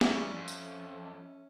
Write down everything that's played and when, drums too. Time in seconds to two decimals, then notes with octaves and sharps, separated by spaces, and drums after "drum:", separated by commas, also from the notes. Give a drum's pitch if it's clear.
0.01 E3 G3 C#4 E5, drum: snare
0.30 F2 G#2
0.48 drum: tambourine